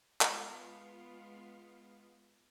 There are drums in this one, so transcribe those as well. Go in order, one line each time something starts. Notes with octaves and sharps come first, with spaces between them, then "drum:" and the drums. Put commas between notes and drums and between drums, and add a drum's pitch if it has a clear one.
G#3 B3 F4, drum: clap